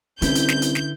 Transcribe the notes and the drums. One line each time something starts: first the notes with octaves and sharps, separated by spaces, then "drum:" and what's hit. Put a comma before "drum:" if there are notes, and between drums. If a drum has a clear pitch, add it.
C2 D3 C#4 E4 B4 G6, drum: hi-hat
drum: hi-hat
drum: snare
drum: hi-hat
drum: snare